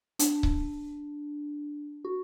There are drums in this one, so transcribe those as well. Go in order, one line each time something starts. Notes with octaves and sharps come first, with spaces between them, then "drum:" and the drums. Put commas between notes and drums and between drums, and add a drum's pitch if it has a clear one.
D4, drum: hi-hat
drum: kick C#1
F#4